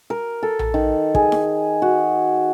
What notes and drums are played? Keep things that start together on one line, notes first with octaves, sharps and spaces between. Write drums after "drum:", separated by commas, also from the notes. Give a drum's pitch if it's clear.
A#4
A4
drum: tom A#1
D#3
G#4, drum: kick
drum: snare E4
F#4